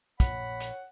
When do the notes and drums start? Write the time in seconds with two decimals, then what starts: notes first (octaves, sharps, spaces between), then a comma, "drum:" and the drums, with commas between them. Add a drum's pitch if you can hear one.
0.20 A#1 C#5 F#5 B5, drum: kick, hi-hat
0.61 drum: hi-hat